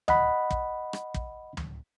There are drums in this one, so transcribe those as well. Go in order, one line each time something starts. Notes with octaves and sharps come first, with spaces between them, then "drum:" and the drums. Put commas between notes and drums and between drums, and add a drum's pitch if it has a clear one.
D#5 F#5 B5, drum: tom
drum: kick
drum: rim click
drum: kick
drum: tom